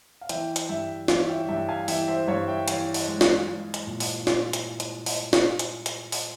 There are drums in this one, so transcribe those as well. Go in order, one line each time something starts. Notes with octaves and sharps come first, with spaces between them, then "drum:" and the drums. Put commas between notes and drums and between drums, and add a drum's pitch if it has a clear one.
F5
E3 E5 G5, drum: hi-hat
drum: hi-hat
G2 E5 G5
E3 C#5 F5, drum: snare
E5 G5
G2 E5 G5
F5 G#5
E3 E5 G5, drum: open hi-hat
C5 E5
G2 C#5 F5
E5 G5
E3 C#5 F5, drum: hi-hat
drum: open hi-hat
G#3
drum: snare
G#3
drum: hi-hat
A#2
drum: open hi-hat
drum: snare
drum: hi-hat
drum: hi-hat
drum: open hi-hat
drum: snare
drum: hi-hat
drum: hi-hat
drum: open hi-hat